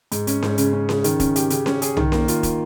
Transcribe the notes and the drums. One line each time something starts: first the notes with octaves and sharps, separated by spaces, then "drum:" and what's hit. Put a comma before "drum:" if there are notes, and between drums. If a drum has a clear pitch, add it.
G#2, drum: hi-hat
C#4, drum: hi-hat
G#2, drum: snare C#4
C#3, drum: hi-hat
C#4
C#3, drum: snare C#4
D#3, drum: hi-hat
C#4, drum: kick, hi-hat
G4, drum: hi-hat
C#3, drum: hi-hat
C#4, drum: snare C#4
G#4, drum: hi-hat
D#3, drum: tom
A#3, drum: snare C#4
F4, drum: hi-hat
drum: kick, hi-hat